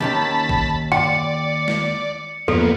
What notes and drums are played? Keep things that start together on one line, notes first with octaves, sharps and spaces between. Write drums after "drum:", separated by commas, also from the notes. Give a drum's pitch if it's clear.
D#2 D#3 C#4 A5 B5
drum: kick A1
D5 G5 C#7, drum: tom F#2
drum: snare
E2 F3 A#3 B3 A4, drum: tom F#2